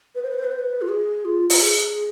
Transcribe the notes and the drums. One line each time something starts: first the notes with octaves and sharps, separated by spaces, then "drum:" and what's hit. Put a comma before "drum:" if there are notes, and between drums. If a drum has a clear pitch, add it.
B4
C5
B4
C5
B4
C5
B4
F4
G#4
F4
F4, drum: open hi-hat
G#4